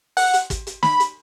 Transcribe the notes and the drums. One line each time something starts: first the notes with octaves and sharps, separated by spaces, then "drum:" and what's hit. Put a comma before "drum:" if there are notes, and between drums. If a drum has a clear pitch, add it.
F#5, drum: open hi-hat
drum: hi-hat
drum: kick, hi-hat
drum: hi-hat
B5, drum: snare
drum: hi-hat